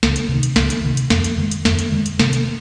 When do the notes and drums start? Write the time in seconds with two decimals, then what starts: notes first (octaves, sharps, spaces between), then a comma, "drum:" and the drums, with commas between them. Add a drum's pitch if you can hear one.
0.03 C#2, drum: snare
0.16 drum: hi-hat
0.29 C3 D#3
0.43 drum: hi-hat
0.56 C#2, drum: snare
0.70 drum: hi-hat
0.84 C3 D#3
0.97 drum: hi-hat
1.10 F2, drum: snare
1.24 drum: hi-hat
1.38 D#3 G#3
1.51 drum: hi-hat
1.65 F2, drum: snare
1.79 drum: hi-hat
1.92 D#3 G#3
2.06 drum: hi-hat
2.19 C3, drum: snare
2.33 drum: hi-hat